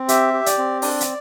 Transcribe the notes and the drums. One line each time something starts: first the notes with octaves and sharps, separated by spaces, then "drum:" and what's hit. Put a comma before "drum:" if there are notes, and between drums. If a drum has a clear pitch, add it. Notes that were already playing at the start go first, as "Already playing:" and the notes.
Already playing: C4
G4 E5, drum: hi-hat
G4
D5, drum: hi-hat
C4
D4 D5, drum: open hi-hat
drum: hi-hat